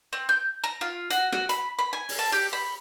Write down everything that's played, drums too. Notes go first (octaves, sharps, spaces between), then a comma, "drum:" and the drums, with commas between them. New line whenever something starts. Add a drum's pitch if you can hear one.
C4
G6
A#5
F4
F#4, drum: hi-hat
F#4, drum: rim click
B5, drum: hi-hat
B5
G#5
drum: open hi-hat
A5
G4
B5